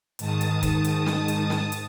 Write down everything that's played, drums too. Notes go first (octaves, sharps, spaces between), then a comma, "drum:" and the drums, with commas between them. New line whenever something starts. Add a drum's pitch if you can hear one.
G#2 D#3 A5 D#6, drum: hi-hat
drum: hi-hat
drum: kick, hi-hat
drum: hi-hat
drum: snare
drum: hi-hat
drum: snare
drum: hi-hat